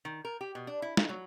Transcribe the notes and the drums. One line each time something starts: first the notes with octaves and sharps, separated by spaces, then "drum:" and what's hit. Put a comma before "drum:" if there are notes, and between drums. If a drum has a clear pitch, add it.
D#3
A#4
G4
B2
D4
E4
D#4, drum: snare
F#3